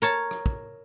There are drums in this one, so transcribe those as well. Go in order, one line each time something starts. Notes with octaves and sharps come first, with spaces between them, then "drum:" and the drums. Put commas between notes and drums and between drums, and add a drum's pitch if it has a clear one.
A#4 C#5 A5
drum: rim click
drum: kick